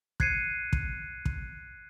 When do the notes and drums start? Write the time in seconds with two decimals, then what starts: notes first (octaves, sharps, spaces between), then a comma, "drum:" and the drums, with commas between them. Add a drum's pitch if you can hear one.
0.20 F#6 G#6 C7 C#7 D#7, drum: kick
0.73 drum: kick
1.26 drum: kick